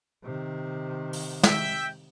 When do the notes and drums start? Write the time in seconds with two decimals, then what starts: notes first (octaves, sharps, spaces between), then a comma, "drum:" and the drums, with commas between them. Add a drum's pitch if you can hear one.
0.24 C3 D#3
1.13 drum: open hi-hat
1.43 E5 G5, drum: snare